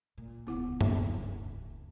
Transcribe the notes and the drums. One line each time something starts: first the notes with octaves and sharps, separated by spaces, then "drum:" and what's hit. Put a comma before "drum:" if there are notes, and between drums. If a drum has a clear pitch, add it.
A#2
D#1 C#2 B3 E4 F#5
drum: tom F#2